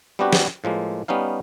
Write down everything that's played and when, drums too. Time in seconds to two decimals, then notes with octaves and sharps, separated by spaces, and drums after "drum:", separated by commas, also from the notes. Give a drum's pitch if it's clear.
0.19 G3 B3 C4 D4 F#4 G4
0.33 drum: snare
0.64 A2 F3 G#3 A#3
1.08 G3 B3 C#4 D#4 F5